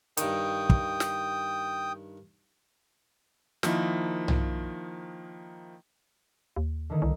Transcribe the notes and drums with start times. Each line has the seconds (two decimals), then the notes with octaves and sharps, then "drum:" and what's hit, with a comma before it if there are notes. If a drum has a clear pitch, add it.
0.17 G2 D#3 G5 D#6, drum: hi-hat
0.70 drum: kick
1.00 drum: snare
3.63 D#3 F3 A#3 D#4 E4, drum: snare
4.28 drum: tom B1
6.56 D#2
6.90 D3 D#3 A#3
7.02 C2